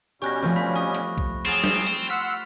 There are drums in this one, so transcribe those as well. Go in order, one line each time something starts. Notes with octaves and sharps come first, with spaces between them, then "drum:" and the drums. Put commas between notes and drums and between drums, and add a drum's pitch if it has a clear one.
B2 G3 C#4 G4 C#6 F#6 A#6
F3 A3 C4
B5 B6
C#6 D#6
drum: hi-hat
drum: kick B1
F#3 C4 G#4 F6 A6 F7
drum: snare
drum: hi-hat
F#5 C6 E6 F6 B6